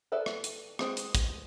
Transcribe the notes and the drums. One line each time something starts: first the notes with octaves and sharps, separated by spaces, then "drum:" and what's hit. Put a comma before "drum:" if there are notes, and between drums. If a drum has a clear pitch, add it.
A4 B4 D5 E5 A5
drum: rim click
drum: hi-hat
G#3 C4 G#4 B4, drum: rim click
drum: hi-hat
drum: kick, hi-hat